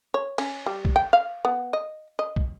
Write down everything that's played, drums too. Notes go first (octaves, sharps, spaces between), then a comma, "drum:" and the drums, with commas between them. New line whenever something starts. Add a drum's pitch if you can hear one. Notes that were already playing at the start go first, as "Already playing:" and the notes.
C#5
C#4, drum: cymbal
G3
drum: kick
G5
F5
B3
D#5
D#5
drum: kick